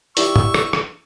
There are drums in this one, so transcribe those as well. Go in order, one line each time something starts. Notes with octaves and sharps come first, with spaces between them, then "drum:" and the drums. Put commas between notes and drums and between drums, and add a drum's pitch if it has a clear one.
E4 G4 D5 C#6 E6, drum: hi-hat
drum: tom
drum: rim click
drum: rim click